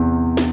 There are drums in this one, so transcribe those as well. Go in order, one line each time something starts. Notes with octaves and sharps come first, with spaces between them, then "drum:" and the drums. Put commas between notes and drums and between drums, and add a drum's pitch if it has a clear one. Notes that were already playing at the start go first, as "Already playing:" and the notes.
Already playing: E2 C3
drum: snare